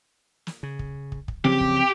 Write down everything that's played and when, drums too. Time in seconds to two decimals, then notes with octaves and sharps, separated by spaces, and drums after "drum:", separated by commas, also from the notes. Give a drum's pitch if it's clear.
0.47 drum: snare
0.63 C#3
0.79 drum: kick
1.12 drum: kick
1.28 drum: kick
1.45 C#3 F3 F#3 C4 G4
1.61 drum: kick